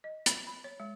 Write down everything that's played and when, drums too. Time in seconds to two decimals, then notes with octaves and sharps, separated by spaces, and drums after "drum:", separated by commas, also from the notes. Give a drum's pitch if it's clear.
0.04 D#5
0.26 B5, drum: hi-hat
0.47 B5
0.64 C#5
0.80 G#3